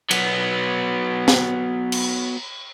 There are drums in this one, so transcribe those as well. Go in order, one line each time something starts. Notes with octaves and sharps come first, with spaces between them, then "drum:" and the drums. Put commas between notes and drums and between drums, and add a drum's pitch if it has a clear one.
F#3 B3, drum: cymbal
drum: snare
drum: cymbal